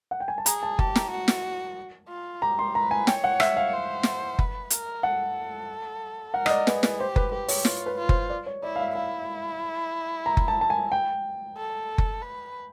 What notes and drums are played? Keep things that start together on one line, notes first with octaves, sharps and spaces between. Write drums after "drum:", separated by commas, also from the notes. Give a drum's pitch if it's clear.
F#5
G5
G#5
A5
G#4 A#5, drum: hi-hat
A5
G4 A5, drum: kick F#1
A#5, drum: snare
F#4
drum: snare
F4
G4 A#5
C6
B4 A#5
G#5
C#5 G5, drum: snare
F#5
E5, drum: rim click
F5
C5
drum: snare
B4, drum: kick F#1
A#4, drum: hi-hat
A4 F#5
A#4 F#5
D#5, drum: rim click
D5
G#4 B4, drum: snare
B4, drum: snare
G4 C5
B4, drum: kick F#1
G4 B4
C#5, drum: open hi-hat
F4, drum: snare
B4
F4
C5, drum: kick F#1
D5
C#5
E4 D5
F5
E5
E4 F5
A#5
drum: kick F#1
A5
A5
G#5
G5
A4
drum: kick F#1
B4